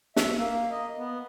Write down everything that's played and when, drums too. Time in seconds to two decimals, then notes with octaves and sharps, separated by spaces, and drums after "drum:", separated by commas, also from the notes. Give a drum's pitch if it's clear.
0.16 E5, drum: snare
0.37 A#3
0.71 D#5
0.97 B3